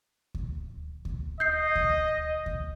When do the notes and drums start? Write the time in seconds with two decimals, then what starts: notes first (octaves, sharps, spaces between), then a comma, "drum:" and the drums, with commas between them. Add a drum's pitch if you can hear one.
0.34 drum: kick D2
1.05 drum: kick D2
1.40 D#5 G6 C7
1.75 drum: kick D2
2.46 drum: kick D2